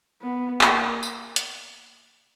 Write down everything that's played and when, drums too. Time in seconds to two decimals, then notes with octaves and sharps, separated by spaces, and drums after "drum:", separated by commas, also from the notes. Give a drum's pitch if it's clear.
0.22 B3
0.61 A#3, drum: clap
1.03 drum: tambourine
1.36 drum: hi-hat